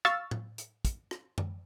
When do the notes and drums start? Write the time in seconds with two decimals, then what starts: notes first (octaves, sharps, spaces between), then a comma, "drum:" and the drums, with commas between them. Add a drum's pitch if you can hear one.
0.05 F5 C#6 E6 F6 A6, drum: rim click
0.31 drum: tom
0.58 drum: hi-hat
0.85 drum: kick, hi-hat
1.11 drum: rim click
1.38 drum: tom F#2